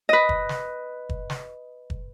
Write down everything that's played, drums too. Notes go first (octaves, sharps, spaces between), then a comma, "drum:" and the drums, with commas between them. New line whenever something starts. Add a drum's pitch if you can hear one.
B4 D#5
drum: kick
drum: snare
drum: kick
drum: snare
drum: kick